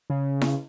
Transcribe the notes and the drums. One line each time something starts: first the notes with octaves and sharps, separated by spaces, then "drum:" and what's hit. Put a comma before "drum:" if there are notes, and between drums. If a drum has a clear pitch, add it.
C#3
drum: snare E4